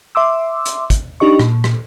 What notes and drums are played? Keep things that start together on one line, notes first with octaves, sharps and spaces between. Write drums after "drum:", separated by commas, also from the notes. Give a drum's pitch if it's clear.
E5 C6 D6 E6
drum: hi-hat
drum: kick, hi-hat
D4 D#4 G4 D#5 C#6
A#2, drum: rim click
drum: rim click